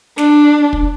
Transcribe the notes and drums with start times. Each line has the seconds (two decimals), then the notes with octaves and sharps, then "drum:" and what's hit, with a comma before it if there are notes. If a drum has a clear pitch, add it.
0.18 D4, drum: snare
0.73 drum: kick